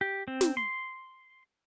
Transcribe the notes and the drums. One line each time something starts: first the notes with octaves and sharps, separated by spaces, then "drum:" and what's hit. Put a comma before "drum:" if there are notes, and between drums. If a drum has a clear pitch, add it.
G4
C4
drum: snare
C6